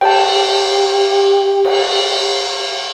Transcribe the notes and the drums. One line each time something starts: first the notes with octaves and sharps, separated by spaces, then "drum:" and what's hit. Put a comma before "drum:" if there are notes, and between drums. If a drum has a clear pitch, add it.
G4 G5 A5, drum: cymbal
drum: cymbal